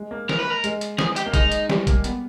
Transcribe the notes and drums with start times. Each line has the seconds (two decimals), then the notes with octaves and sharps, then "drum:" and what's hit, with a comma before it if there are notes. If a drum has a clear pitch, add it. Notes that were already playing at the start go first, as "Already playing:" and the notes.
Already playing: G#3
0.11 A#3
0.29 A#4, drum: snare
0.39 B4
0.50 A#4
0.64 G#3, drum: hi-hat
0.81 drum: hi-hat
0.98 G#4, drum: snare
1.16 G4, drum: hi-hat
1.26 A#3
1.34 G#3 D#4, drum: kick, hi-hat
1.52 drum: hi-hat
1.70 G3, drum: snare
1.87 A#3, drum: kick, hi-hat
2.04 B3, drum: hi-hat